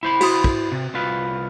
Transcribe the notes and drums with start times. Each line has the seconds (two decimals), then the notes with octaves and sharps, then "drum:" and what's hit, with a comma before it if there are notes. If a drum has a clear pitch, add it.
0.03 E4 C5 B5
0.21 F#4 D#6, drum: cymbal
0.44 drum: kick
0.72 C3
0.95 C2 F4 B4